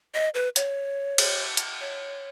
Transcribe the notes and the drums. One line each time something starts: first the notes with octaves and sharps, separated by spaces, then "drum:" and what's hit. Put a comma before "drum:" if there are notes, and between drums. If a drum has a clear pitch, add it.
D#5
B4
C#5, drum: hi-hat
drum: cymbal
drum: hi-hat
C#5